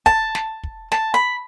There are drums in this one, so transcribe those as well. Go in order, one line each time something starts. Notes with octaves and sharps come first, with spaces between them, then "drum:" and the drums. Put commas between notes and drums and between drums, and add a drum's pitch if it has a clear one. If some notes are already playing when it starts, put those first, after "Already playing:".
A5, drum: kick
drum: snare
drum: kick
A5, drum: snare
B5